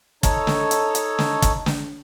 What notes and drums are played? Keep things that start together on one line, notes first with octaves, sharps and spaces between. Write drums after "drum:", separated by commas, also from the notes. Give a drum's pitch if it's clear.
D#4 A4 C#5, drum: kick, hi-hat
drum: snare
drum: hi-hat
drum: hi-hat
drum: snare
drum: kick, hi-hat
drum: snare